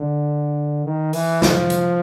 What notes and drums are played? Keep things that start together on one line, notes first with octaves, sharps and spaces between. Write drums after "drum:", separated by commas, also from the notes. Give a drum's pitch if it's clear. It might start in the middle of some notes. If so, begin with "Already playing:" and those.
Already playing: D3
D#3
E3, drum: open hi-hat
F3, drum: snare
drum: hi-hat